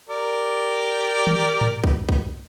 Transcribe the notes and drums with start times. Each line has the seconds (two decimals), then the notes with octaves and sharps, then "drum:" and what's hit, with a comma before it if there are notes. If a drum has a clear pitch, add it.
0.10 G4 A#4 D5
1.27 drum: tom
1.61 drum: tom G#2
1.84 drum: kick
2.09 drum: kick